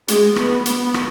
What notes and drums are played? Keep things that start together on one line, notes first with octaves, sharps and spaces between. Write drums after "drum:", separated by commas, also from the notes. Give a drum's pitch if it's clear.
G#3, drum: hi-hat
B3, drum: rim click
B3, drum: hi-hat
drum: rim click